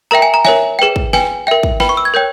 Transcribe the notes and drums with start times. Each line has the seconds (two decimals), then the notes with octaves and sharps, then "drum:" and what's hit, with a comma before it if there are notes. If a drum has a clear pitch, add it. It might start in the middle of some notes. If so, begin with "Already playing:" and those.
0.11 A#4 E5 G5 A#5
0.22 G#5
0.34 A#5
0.45 A#4 C#5 E5 G#5, drum: snare
0.79 G#4 B4 G5
0.96 drum: kick
1.13 B4 G5 G#5, drum: snare
1.47 A#4 E5 G5
1.63 drum: kick
1.80 B4 G5 B5, drum: snare
1.89 C#6
1.97 E6
2.05 G#6
2.14 A#4 C#5 G5 G6